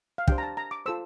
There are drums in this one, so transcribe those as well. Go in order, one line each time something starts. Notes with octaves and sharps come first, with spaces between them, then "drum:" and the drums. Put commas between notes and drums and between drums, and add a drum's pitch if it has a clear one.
F5
D4 G4 C5 G5, drum: kick
A#5
A5
A#5
D6
F4 A4 C5 E6